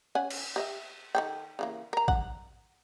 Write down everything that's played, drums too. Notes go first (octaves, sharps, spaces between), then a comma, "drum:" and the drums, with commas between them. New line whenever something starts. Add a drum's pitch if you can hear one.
C#4 F#5 G#5
drum: cymbal
G4 D#5 E5
D#3 A4 G5
C#3 E3 A#3
A#4 A#5
F#5, drum: kick A1